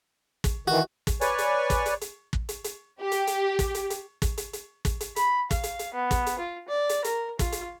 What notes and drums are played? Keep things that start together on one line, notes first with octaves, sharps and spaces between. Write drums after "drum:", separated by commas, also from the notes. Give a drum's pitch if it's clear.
drum: kick, hi-hat
D#3 E3 F#4
drum: kick, hi-hat
B4 C#5 D5 G#5 C#6, drum: hi-hat
drum: hi-hat
drum: kick, hi-hat
drum: hi-hat
drum: hi-hat
drum: kick
drum: hi-hat
drum: hi-hat
G4
drum: hi-hat
drum: hi-hat
drum: kick, hi-hat
drum: hi-hat
drum: hi-hat
drum: kick, hi-hat
drum: hi-hat
drum: hi-hat
drum: kick, hi-hat
drum: hi-hat
B5, drum: hi-hat
F5, drum: kick, hi-hat
drum: hi-hat
drum: hi-hat
B3
drum: kick, hi-hat
drum: hi-hat
F4
D5
drum: hi-hat
A#4, drum: hi-hat
F4, drum: kick, hi-hat
drum: hi-hat